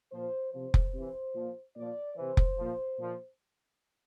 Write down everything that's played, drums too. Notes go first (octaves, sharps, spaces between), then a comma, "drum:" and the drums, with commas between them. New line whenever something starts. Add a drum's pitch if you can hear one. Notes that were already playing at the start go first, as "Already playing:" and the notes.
A#2 F3 C5
C3 F3 C5
drum: kick F1
C3 E3
A#2 F3
A#2 F3 D5
C3 E3 C5
drum: kick F1
A#2 F3
A#2 F3